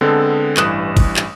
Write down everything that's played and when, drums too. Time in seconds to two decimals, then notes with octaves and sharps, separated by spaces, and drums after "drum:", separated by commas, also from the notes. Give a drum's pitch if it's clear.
0.01 D3 G#3 B3 C4 A4
0.57 A1 G2 E3 D#6 F#6 E7, drum: clap
0.97 drum: kick, cymbal
1.16 drum: clap